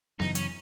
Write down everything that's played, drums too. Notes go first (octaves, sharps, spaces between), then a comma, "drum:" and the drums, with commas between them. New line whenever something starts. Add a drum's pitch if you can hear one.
F#2 C#3 E3 D#4, drum: snare B3
C#4, drum: hi-hat